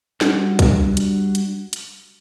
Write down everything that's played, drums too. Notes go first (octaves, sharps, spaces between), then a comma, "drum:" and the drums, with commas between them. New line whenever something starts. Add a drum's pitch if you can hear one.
G3 D4 F#4, drum: snare
drum: kick, hi-hat
drum: hi-hat
drum: hi-hat
drum: hi-hat